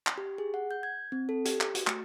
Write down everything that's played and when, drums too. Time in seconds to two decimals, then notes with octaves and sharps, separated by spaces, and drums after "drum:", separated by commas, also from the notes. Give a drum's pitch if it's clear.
0.07 drum: clap
0.18 G4
0.38 G#4
0.54 F#5
0.71 G6
0.83 G#6
1.12 C4
1.29 A4
1.45 G4, drum: hi-hat
1.61 drum: clap
1.75 F#4, drum: hi-hat
1.87 A3, drum: clap